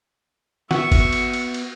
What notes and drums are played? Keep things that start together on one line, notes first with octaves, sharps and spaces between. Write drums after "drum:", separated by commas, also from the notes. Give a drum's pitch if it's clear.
B3 F#4 E5 C#6, drum: snare
drum: kick G1, cymbal
drum: cymbal
drum: cymbal
drum: cymbal